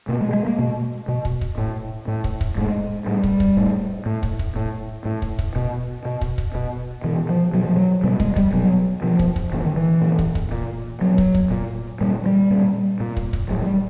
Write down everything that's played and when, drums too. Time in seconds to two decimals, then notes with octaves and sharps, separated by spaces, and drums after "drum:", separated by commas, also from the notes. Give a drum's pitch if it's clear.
0.08 B2 A#3
0.21 G#3
0.34 G#3
0.47 A#3
0.59 B2
1.08 B2
1.25 drum: kick
1.41 drum: kick
1.58 A2
2.08 A2
2.24 drum: kick
2.41 drum: kick
2.57 A2 G#3
3.06 A2 G3
3.23 drum: kick
3.40 drum: kick
3.57 A2
4.06 A2
4.23 drum: kick
4.39 drum: kick
4.56 A2
5.05 A2
5.22 drum: kick
5.39 drum: kick
5.56 B2
6.05 B2
6.21 drum: kick
6.38 drum: kick
6.55 B2
7.04 B2 E3
7.29 F3
7.54 B2 F#3
7.65 F3
7.77 F#3
8.04 B2 G3
8.20 G#3, drum: kick
8.36 G3, drum: kick
8.53 B2 F#3
9.03 B2 F3
9.19 drum: kick
9.36 drum: kick
9.52 A#2 E3
9.65 D#3
9.76 E3
10.01 A#2
10.19 drum: kick
10.35 drum: kick
10.52 A#2
11.01 A#2 F#3
11.18 drum: kick
11.35 drum: kick
11.51 A#2
12.01 A#2 G3
12.26 G3
12.50 A#2
13.00 A#2
13.17 drum: kick
13.33 drum: kick
13.50 A2 F#3
13.62 F#3
13.66 G3